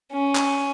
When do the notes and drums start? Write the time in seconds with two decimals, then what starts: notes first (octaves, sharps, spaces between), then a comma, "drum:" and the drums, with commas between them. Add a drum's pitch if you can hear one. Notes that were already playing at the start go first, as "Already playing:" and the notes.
0.12 C#4
0.35 drum: clap